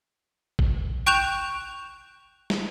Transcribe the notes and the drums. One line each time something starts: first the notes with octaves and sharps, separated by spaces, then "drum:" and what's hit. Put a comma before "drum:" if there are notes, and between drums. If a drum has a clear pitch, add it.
drum: kick G#1
G5 C#6 F#6 G6 E7 F7
drum: snare